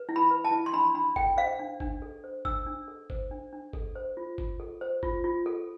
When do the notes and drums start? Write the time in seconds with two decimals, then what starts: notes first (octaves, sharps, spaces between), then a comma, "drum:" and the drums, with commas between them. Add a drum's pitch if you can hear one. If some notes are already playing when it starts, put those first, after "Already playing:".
Already playing: B4
0.09 E4
0.16 B5
0.31 B4
0.45 A5
0.51 E4
0.66 C6
0.73 D4 B5
0.95 D4 B5
1.16 A4 G5, drum: kick G#1
1.37 C5 F5
1.59 D4
1.80 D4, drum: kick G#1
2.02 A4
2.24 C5
2.45 D4 E6, drum: kick G#1
2.66 D4
2.88 A4
3.10 C5, drum: kick G#1
3.31 D4
3.53 D4
3.73 A4, drum: kick G#1
3.96 C5
4.17 F4
4.38 F4, drum: kick G#1
4.60 A4
4.81 C5
5.03 F4, drum: kick G#1
5.24 F4
5.46 A4